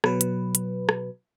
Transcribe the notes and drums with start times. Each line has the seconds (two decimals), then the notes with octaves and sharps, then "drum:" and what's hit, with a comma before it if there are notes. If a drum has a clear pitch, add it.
0.04 B2 F#3 B4, drum: rim click
0.21 drum: hi-hat
0.55 drum: hi-hat
0.89 drum: rim click